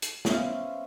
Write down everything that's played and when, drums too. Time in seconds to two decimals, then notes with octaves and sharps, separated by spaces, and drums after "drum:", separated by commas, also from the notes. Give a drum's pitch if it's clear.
0.02 drum: hi-hat
0.25 B3 C#4 C5 E5 F5, drum: snare